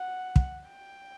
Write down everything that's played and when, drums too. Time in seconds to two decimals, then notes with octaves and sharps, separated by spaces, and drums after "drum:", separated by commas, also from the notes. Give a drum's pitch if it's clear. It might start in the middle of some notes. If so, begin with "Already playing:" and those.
Already playing: F#5
0.36 drum: kick
0.69 G5